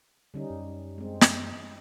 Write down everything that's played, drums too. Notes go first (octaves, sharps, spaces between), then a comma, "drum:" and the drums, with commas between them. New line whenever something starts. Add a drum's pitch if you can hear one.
D3 G3 C#4 D#4
F#2
G#3 C4
drum: snare